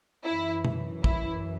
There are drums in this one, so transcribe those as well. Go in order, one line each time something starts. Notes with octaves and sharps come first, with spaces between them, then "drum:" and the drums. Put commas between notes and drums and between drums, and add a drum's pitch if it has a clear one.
F#2 E3 E4
drum: tom B2
E4, drum: kick